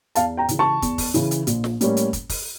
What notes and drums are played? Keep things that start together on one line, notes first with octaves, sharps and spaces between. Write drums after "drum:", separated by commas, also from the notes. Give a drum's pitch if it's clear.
E2 F5 A5, drum: hi-hat
G5 A#5
C#3 E3, drum: hi-hat
A5 C#6
E2, drum: kick, hi-hat
drum: kick, open hi-hat
C#3 E3, drum: hi-hat
drum: hi-hat
A#1, drum: hi-hat
drum: snare
A2 G3 A#3 C#4, drum: hi-hat
drum: hi-hat
drum: kick, hi-hat
drum: kick, open hi-hat